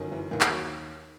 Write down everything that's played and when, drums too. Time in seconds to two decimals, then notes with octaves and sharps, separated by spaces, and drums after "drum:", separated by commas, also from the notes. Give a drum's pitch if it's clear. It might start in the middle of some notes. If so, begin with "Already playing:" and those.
Already playing: G1 F#2 D#3
0.12 E3
0.31 D#2 D#3 E3
0.41 drum: clap
0.51 F#3